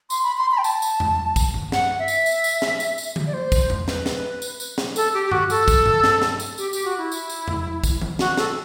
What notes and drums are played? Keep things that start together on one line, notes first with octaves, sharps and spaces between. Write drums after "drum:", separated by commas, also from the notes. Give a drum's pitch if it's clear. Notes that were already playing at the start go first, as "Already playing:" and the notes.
C6, drum: tambourine
B5
C6
B5
G5
A5, drum: tambourine
drum: tambourine
drum: tom E2
drum: kick, tambourine
drum: tom G2
F#5, drum: snare
E5
drum: tambourine
drum: tambourine
drum: tambourine
drum: snare
drum: tambourine
drum: tambourine
drum: tom D3
D5
C5
drum: kick, tambourine
drum: tom E2
B4, drum: snare
drum: snare
drum: tambourine
drum: tambourine
drum: snare
A4, drum: tambourine
G4
G4
F#4, drum: tom G2
A4, drum: tambourine
drum: kick, tambourine
drum: tom G2
drum: snare
drum: snare
drum: tambourine
G4, drum: tambourine
G4, drum: tambourine
F#4
E4
drum: tambourine
drum: tambourine
drum: tom E2
drum: kick, tambourine
drum: tom D#3
F#4, drum: snare
A4, drum: snare